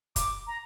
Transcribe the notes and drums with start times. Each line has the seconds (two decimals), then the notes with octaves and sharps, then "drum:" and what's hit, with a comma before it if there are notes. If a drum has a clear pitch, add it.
0.16 D6, drum: kick, hi-hat
0.47 A#5